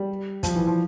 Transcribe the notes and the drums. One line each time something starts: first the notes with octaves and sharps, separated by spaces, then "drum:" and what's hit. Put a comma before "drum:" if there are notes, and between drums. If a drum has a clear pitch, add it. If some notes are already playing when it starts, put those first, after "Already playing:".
Already playing: G3
F3, drum: kick, hi-hat
E3
F3